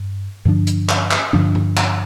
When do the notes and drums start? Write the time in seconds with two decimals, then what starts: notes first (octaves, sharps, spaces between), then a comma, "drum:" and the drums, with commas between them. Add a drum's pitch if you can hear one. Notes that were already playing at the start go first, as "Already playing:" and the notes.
Already playing: G2
0.45 G2 D3 F3 D4
0.67 drum: hi-hat
0.89 drum: clap
1.11 drum: clap
1.33 G2 D3 F3 D4
1.55 drum: tom G2
1.77 drum: clap